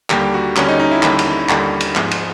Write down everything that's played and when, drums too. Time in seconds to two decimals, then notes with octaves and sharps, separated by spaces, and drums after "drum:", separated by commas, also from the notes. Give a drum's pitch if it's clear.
0.10 D#2 D3 G3 A#3 G4, drum: clap
0.34 F#4
0.56 D#2 D3 G3 A#3 C#4, drum: clap
0.69 D#4
0.80 D#4
0.91 E4
1.03 D#2 D3 G3 A#3 E4, drum: clap
1.19 drum: cymbal
1.49 D#2 D3 G3 A#3, drum: clap
1.81 drum: cymbal
1.96 G#2 F3 G#3 B3, drum: clap
2.11 drum: cymbal